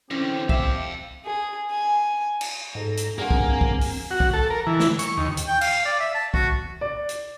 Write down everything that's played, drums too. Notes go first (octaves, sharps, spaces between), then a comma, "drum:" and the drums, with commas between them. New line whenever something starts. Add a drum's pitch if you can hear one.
D3 E3 C4 C#4 G4
E5 F5 G5, drum: kick
G#4
G#5
drum: cymbal
G#2 A4 A#5
drum: hi-hat
G2 A#3 C4 G#4 F#5 G#5
drum: kick
drum: kick
drum: open hi-hat
F#4
drum: kick
A4
A#4
E3
drum: snare
C#6, drum: hi-hat
D#2
drum: hi-hat
G5
F5, drum: cymbal
D5
E5
A5
F#4, drum: kick
D5
drum: hi-hat